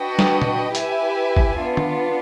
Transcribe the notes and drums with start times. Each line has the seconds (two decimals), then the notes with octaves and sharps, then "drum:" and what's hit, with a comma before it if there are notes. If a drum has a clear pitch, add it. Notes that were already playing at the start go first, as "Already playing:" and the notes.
Already playing: D4 F#4 B4 D#5 G5
0.19 drum: snare
0.42 drum: tom A#2
0.75 E4 G4 B4 E5 G#5, drum: hi-hat
1.37 drum: kick
1.61 B3 D4 F4
1.77 drum: tom D#3